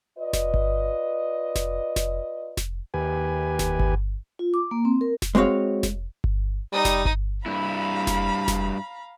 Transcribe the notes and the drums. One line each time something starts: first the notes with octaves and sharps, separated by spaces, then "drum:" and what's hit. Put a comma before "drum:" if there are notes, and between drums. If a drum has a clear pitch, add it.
F4 B4 D5 D#5
drum: snare F1
drum: kick G1
drum: snare F1
drum: snare F1
drum: snare F1
D#2 G4 B4 G#5
drum: snare F1
drum: kick G1
F4
D6
A#3
C4
A#4
drum: snare F1
G#3 C4 F#4 C#5 F5
drum: snare F1
drum: kick G1
G3 D#4 D#6
drum: snare F1
drum: kick G1
G2 E4 F5 A#5 B5
drum: snare F1
drum: snare F1